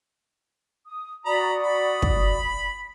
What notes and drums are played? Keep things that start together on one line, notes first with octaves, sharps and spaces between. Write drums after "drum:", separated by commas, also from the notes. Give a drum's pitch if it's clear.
D#6
F#4 D5 A#5 B5 D#6
B5
drum: kick